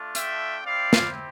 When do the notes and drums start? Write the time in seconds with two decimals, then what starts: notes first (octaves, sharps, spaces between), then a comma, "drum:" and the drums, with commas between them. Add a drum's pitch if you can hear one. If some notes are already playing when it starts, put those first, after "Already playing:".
Already playing: A3 D4 F4
0.15 E5 G5, drum: hi-hat
0.64 C4 E4 G4 D5 F5
0.93 drum: snare